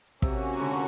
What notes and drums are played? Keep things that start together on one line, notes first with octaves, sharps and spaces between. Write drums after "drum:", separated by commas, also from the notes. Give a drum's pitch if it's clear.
C3 A#3 C#4 F#4, drum: kick
D3